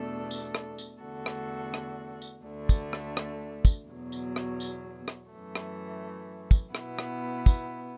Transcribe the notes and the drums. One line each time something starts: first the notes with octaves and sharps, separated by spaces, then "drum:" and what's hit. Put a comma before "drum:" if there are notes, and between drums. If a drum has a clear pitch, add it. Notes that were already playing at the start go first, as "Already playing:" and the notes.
Already playing: E2 B2 A3 D4 A4
drum: tambourine
drum: rim click
drum: tambourine
E2 D3 A3 F#4 A4
drum: rim click
drum: rim click
drum: tambourine
D2 D3 A3 D4
drum: kick, tambourine
drum: rim click
drum: rim click
drum: kick, tambourine
E2 B2 F#3
drum: tambourine
drum: rim click
drum: tambourine
drum: rim click
F#2 E3 A3
drum: rim click
drum: kick, tambourine
B2 B3 E4, drum: rim click
drum: rim click
drum: kick, tambourine